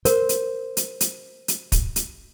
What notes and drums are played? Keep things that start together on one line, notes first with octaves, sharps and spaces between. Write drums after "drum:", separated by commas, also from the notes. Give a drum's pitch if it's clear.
A#4 C5, drum: hi-hat
drum: hi-hat
drum: hi-hat
drum: hi-hat
drum: hi-hat
drum: kick, hi-hat
drum: hi-hat